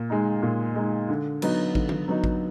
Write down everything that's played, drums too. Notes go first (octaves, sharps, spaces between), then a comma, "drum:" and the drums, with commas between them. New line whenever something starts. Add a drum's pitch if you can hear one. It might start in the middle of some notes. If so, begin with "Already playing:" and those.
Already playing: A#2
G#3 D#4
A#2
G#3 D#4
D3
F#3 B3 D#4, drum: cymbal
D3, drum: kick A1
drum: tom D#3
F#3 B3 D#4
drum: kick A1